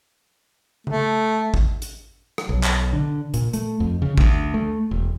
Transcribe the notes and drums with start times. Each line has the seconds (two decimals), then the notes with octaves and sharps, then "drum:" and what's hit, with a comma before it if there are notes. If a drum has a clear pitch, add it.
0.87 A3, drum: tom C#3
1.54 drum: kick
1.82 drum: hi-hat
2.38 drum: rim click
2.49 B1
2.63 drum: clap
2.93 D3
3.34 A#2, drum: hi-hat
3.53 A3, drum: hi-hat
3.80 F2
4.02 C#3
4.18 D2, drum: kick
4.54 A3
4.91 E1